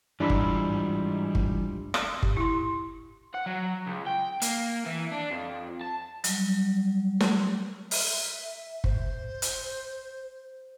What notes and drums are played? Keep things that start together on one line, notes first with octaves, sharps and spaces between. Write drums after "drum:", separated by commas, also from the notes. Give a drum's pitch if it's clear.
G#2 E3 F3 G3 D4 B5 E6
drum: kick
drum: kick
drum: rim click
G4, drum: kick
E4 C6
F#5
F#3
C#2
G5
A#3, drum: hi-hat
E3
D4
F2
A5
F#3 G3, drum: hi-hat
drum: snare
E5, drum: open hi-hat
C5, drum: kick
drum: hi-hat